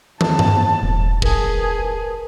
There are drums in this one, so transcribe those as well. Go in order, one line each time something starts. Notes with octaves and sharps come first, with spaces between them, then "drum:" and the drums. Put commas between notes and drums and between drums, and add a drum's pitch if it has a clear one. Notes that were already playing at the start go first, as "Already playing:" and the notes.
A5, drum: tom
drum: tom G2
E1
G#4 A#4 B4 A5, drum: kick